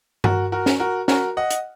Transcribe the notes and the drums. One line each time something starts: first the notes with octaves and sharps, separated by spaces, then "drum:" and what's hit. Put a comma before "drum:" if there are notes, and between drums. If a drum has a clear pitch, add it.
F#4 A#4, drum: tom G2
F#4 A#4
drum: snare
F#4 A#4
F#4 A#4, drum: snare
D#5 F#5
drum: hi-hat